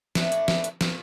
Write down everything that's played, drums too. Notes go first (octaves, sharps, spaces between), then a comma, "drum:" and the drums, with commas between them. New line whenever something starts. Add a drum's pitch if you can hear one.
A2 E3 A3 D4, drum: snare
drum: hi-hat
drum: snare
drum: hi-hat
A#2 F3 A3, drum: snare